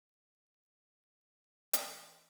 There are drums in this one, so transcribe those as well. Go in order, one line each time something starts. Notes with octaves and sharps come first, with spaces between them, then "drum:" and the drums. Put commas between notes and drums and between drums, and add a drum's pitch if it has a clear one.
E3 B4 C6, drum: hi-hat